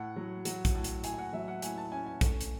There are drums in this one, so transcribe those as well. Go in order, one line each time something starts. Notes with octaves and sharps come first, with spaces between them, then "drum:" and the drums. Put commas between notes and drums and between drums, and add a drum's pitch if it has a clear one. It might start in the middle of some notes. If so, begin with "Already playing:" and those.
Already playing: A2 F#5
F#3
F#3, drum: hi-hat
drum: kick A#1, hi-hat
A2
drum: hi-hat
A2 G#5, drum: hi-hat
G#5
F#5
F#3 E5
F#5
A2 G#5, drum: hi-hat
A5
C#4 G#5
G#5
A3, drum: kick A#1, hi-hat
drum: hi-hat